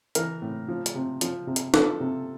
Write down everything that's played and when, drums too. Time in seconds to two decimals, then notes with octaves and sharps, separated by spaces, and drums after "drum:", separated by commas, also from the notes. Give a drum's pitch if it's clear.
0.15 E3 A#4, drum: hi-hat
0.42 A2
0.68 F3
0.86 drum: hi-hat
0.95 C3
1.21 F3, drum: hi-hat
1.47 C3
1.56 drum: hi-hat
1.74 F3 A4, drum: snare
2.00 C3